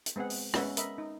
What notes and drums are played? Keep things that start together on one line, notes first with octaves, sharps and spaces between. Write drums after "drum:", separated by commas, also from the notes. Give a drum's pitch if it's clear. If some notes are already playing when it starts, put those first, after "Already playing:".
drum: hi-hat
G#3 B3 C4 G#4 F#5
drum: open hi-hat
G#3 B3 C#4 E5 F#5, drum: rim click
A#4 D#5 E5 B5, drum: hi-hat
D#4